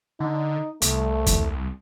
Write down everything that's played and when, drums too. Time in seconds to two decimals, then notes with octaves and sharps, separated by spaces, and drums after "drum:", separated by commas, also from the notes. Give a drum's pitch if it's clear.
0.20 D3 D#4
0.82 C2 A3, drum: hi-hat
1.27 drum: kick E2, hi-hat